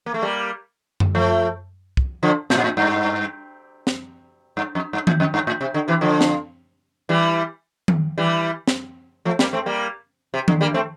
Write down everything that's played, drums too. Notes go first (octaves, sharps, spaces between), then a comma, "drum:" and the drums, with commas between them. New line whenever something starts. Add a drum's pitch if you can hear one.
A#3
A3
G3 A#3
drum: tom F#2
F3 A3
drum: kick
D3 F3
A2, drum: snare
A#2
A2
G2
drum: snare
G2
F2
G2
A2, drum: tom D#3
F2
G2
A2
C3
D3
C3 E3
D3 F3
drum: snare
E3 G3
drum: tom D#3
E3 G3
drum: snare
F3 A3
G3 A#3, drum: snare
A3 C4
G3 A#3
C3
D3, drum: tom D#3
G3 A#3
A3 C4